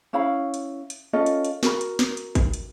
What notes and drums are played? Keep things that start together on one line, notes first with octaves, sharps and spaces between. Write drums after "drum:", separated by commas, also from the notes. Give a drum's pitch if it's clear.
C#4 E4 F5 B5
drum: hi-hat
drum: hi-hat
C#4 F4 A4 D#5
drum: hi-hat
drum: hi-hat
F#4 A#4 B5, drum: snare
drum: hi-hat
drum: snare
drum: hi-hat
drum: kick G#1, hi-hat
drum: hi-hat